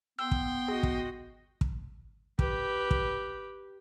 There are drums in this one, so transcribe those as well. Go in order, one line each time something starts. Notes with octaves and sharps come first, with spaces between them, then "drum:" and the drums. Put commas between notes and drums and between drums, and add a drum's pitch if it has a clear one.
B3 G5 C6 E6
drum: kick
F#4 G#4 D#5
drum: kick
drum: kick
G4 B4, drum: kick
drum: kick